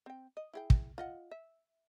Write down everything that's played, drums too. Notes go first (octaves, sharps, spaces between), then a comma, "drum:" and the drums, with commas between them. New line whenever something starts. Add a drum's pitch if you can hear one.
C4 G5
D#5
E4 G#4 G5
drum: kick
F4 D#5 F#5
E5